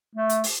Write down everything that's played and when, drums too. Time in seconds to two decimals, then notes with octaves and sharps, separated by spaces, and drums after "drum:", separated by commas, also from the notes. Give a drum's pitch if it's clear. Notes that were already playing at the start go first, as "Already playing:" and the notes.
0.15 A3
0.29 drum: hi-hat
0.44 drum: open hi-hat